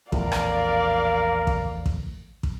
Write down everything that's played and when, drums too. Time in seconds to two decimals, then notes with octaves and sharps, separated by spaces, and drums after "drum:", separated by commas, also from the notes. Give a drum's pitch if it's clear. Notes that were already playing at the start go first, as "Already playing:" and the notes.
0.12 A#1 E2 A2 A#4 D5 F5, drum: kick
0.32 drum: rim click
1.47 drum: kick
1.86 drum: kick
2.43 drum: kick